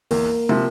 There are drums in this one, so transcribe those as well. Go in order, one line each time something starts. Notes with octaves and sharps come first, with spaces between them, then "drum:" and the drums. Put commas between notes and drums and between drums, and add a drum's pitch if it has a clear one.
E2 A#3, drum: open hi-hat
C3 F3, drum: tom